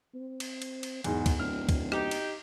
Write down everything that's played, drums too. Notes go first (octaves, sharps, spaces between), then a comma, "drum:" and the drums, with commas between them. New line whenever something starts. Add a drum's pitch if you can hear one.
C4
drum: cymbal
drum: cymbal
drum: cymbal
B1 E2 G#2, drum: cymbal
drum: kick, cymbal
D1 F6
drum: kick, cymbal
D#4 G4, drum: rim click
drum: cymbal